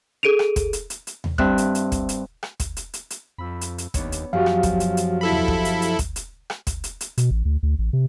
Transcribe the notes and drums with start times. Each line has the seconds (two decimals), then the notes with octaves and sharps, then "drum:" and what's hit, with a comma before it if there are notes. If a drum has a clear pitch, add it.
0.23 G#4 A4 D7 D#7 F7
0.39 drum: rim click
0.56 drum: kick, hi-hat
0.73 drum: hi-hat
0.90 drum: hi-hat
1.07 drum: hi-hat
1.24 drum: tom D#2
1.38 G2 C4 E5 F#6, drum: kick
1.58 drum: hi-hat
1.75 drum: hi-hat
1.92 drum: kick, hi-hat
2.09 drum: hi-hat
2.43 drum: rim click
2.60 drum: kick, hi-hat
2.77 drum: hi-hat
2.93 drum: hi-hat
3.10 drum: hi-hat
3.38 F2 B5 E6
3.61 drum: hi-hat
3.78 drum: hi-hat
3.94 D#2 B3 D4 C#5, drum: kick, hi-hat
4.12 drum: hi-hat
4.33 F#2 F3 F#4 G4 F5
4.46 drum: rim click
4.63 drum: kick, hi-hat
4.80 drum: hi-hat
4.97 drum: hi-hat
5.21 E4 A4 B5
5.31 drum: tom D#2
5.48 drum: kick
5.65 drum: hi-hat
5.82 drum: hi-hat
5.99 drum: kick, hi-hat
6.16 drum: hi-hat
6.50 drum: rim click
6.67 drum: kick, hi-hat
6.84 drum: hi-hat
7.01 drum: hi-hat
7.18 B2, drum: hi-hat
7.31 A1
7.45 D2
7.63 D2
7.79 A1
7.93 C3